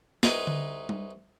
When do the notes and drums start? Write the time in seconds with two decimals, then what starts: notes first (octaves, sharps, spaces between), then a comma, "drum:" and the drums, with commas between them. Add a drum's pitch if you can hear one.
0.23 C2 D#4 G#4 B4 A#5 C6, drum: snare
0.47 drum: tom D3
0.89 drum: tom G3